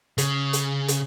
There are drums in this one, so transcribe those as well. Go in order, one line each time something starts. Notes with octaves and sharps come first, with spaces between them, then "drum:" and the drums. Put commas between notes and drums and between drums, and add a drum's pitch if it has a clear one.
C#3, drum: hi-hat
drum: hi-hat
drum: hi-hat